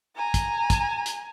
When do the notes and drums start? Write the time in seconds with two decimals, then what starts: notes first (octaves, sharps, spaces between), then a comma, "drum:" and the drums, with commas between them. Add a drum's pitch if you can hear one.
0.16 G#5 A#5
0.34 drum: kick, hi-hat
0.70 drum: kick, hi-hat
1.06 drum: hi-hat